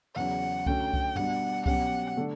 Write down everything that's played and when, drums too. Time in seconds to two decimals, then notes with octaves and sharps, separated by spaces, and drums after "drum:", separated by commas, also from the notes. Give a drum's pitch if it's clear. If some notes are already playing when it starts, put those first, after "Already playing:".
0.15 E2 C#3 F#3 C#4 F#5
0.66 D3 A3 C#4 F#4 G5, drum: kick C2
0.94 drum: kick C2
1.16 B2 G3 D4 F#5, drum: tom
1.66 B2 F#3 C#4 G4 F#5, drum: kick C2
2.17 D3 A3 D4